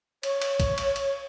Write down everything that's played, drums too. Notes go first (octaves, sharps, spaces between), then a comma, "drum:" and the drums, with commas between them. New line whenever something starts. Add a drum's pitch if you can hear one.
C#5, drum: cymbal
drum: cymbal
drum: kick B1, cymbal
drum: cymbal
drum: cymbal